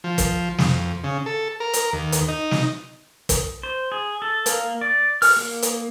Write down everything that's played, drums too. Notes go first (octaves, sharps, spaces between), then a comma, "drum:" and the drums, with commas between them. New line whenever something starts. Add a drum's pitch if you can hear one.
F3
drum: kick, hi-hat
F2, drum: snare
C#3
A4
A#4
drum: hi-hat
D#2
drum: hi-hat
D#4
drum: snare
drum: kick, hi-hat
C5
G#4
A4
A#3, drum: hi-hat
D5
F6, drum: open hi-hat
A#3
drum: hi-hat